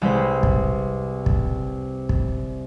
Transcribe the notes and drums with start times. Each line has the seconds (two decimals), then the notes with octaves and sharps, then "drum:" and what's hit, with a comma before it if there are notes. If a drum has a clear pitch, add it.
0.02 C2 G#3 B4 C5 B6
0.43 drum: kick
1.26 drum: kick
2.09 drum: kick